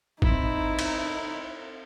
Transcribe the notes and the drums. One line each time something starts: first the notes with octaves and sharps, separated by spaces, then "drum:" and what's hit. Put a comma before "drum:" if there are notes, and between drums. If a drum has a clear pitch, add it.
C4 D#4 E4, drum: kick A1
drum: cymbal